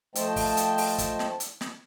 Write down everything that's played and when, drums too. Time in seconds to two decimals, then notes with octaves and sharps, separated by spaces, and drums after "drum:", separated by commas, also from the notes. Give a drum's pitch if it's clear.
0.15 F3 A3 C5 D#5 G5 A5, drum: hi-hat
0.36 drum: kick, open hi-hat
0.57 drum: hi-hat
0.78 drum: open hi-hat
0.98 drum: kick, hi-hat
1.19 drum: snare
1.40 drum: hi-hat
1.61 drum: snare